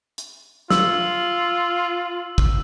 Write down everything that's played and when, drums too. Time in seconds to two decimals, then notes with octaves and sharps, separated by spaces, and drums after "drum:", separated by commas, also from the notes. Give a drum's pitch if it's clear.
0.18 drum: hi-hat
0.70 F4 E6, drum: snare
2.38 drum: kick